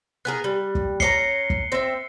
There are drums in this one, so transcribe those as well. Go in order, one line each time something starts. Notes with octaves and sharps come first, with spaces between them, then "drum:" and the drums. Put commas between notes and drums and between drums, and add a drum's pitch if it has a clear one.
B3 G#4 A#4 F#6
G3
drum: kick
C#4 D4 A#5 C7 C#7 G7, drum: kick
drum: kick
C4 E5